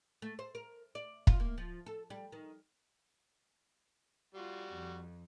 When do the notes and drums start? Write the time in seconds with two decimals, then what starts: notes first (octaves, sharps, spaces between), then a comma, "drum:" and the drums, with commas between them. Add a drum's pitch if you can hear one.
0.22 A3
0.39 C5
0.55 A#4
0.95 D5
1.27 F4, drum: kick
1.40 A#3
1.58 F3
1.86 A4
2.10 G3
2.32 D#3
4.35 G3 F4 F#4
4.72 F2